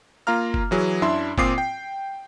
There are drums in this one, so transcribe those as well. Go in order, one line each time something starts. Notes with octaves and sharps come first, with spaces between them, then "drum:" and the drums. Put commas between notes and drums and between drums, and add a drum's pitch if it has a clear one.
A#3 F4 F5 A#5 F6
drum: kick F#1
E3 F#3 G#4
F#2 D4 E4 E5 C6
A#2 C4 F4 D6 D#6 C7, drum: kick F#1
G5